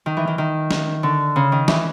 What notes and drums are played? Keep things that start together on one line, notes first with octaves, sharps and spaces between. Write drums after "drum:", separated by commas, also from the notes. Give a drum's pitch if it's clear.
D#3
E3
D#3
D#3
drum: snare
D3
C#3
D#3
E3, drum: snare